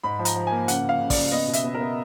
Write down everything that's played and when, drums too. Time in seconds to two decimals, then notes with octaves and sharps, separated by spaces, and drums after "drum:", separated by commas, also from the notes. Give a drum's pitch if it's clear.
0.04 G#2 B5
0.19 F3
0.25 A#5, drum: hi-hat
0.35 F3
0.47 A#3 G#5
0.68 C#3 F#5, drum: hi-hat
0.83 C#3
0.89 F5
1.00 C#3
1.10 D5, drum: kick, open hi-hat
1.16 C#3
1.31 B3 D#5
1.48 B2
1.53 E5, drum: hi-hat
1.64 B3
1.75 A#4
1.80 B3